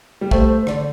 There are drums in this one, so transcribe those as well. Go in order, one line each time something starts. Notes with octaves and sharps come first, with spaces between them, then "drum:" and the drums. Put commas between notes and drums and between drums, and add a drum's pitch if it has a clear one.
G3
A3 C5, drum: kick
C5
D3 D5, drum: rim click